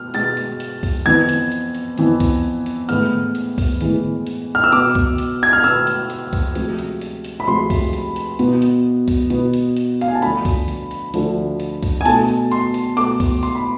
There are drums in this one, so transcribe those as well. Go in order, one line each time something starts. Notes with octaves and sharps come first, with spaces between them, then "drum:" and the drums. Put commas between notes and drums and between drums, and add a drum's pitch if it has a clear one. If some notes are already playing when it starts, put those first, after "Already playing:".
Already playing: B2 B3 F6
B2 G#3 B3 A6, drum: hi-hat
drum: hi-hat
drum: hi-hat
drum: kick, open hi-hat
F2 E3 B3 G#6, drum: hi-hat
drum: hi-hat
drum: hi-hat
drum: hi-hat
F2 E3 B3, drum: hi-hat
drum: kick, open hi-hat
drum: hi-hat
A2 E3 G#3 B3 F6, drum: hi-hat
drum: hi-hat
drum: kick, open hi-hat
A2 E3 G#3 B3, drum: hi-hat
drum: hi-hat
F6
E6
B2 B3 D6, drum: hi-hat
drum: kick
drum: hi-hat
G#6, drum: hi-hat
F6
B2 B3 E6, drum: hi-hat
drum: hi-hat
drum: hi-hat
drum: kick, open hi-hat
D2 C3 F3 G#3, drum: hi-hat
drum: hi-hat
drum: hi-hat
drum: hi-hat
B5
D2 C3 F3 G#3 C6
drum: kick, open hi-hat
drum: hi-hat
drum: hi-hat
B2 B3, drum: hi-hat
drum: hi-hat
drum: kick, open hi-hat
B2 B3, drum: hi-hat
drum: hi-hat
drum: hi-hat
F5, drum: hi-hat
G#5
A5
D2 D3 F3 B5, drum: hi-hat
drum: kick, open hi-hat
drum: hi-hat
drum: hi-hat
D2 D3 F3, drum: hi-hat
drum: hi-hat
drum: kick, open hi-hat
G#5
B2 A3 A5, drum: hi-hat
drum: hi-hat
C6, drum: hi-hat
drum: hi-hat
B2 A3 D6, drum: hi-hat
drum: kick, open hi-hat
C6, drum: hi-hat
B5